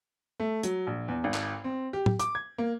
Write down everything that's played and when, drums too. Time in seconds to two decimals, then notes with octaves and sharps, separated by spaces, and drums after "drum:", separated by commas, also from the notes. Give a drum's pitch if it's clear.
0.40 A3
0.63 F#3, drum: hi-hat
0.87 A#1
1.08 E2
1.24 G#1
1.34 drum: clap
1.64 C4
1.93 G4
2.06 drum: tom
2.20 D6, drum: hi-hat
2.35 G#6
2.58 A#3